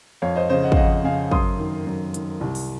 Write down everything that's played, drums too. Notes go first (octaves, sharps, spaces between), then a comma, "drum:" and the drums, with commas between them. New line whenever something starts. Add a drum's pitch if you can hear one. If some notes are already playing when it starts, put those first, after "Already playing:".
F2 C#5 F5
C5 D#5
C#3 C5 D#5
D#5 F#5
F5, drum: kick
F2 D#5 F#5
C#3 F5 G#5
F#2 C6 D#6, drum: kick
D#3
F#2
D#3, drum: hi-hat
C2
drum: open hi-hat